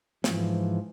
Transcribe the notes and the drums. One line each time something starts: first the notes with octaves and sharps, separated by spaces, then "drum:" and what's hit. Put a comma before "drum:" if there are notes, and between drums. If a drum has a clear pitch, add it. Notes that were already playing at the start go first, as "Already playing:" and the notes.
G#2 E3 F3, drum: snare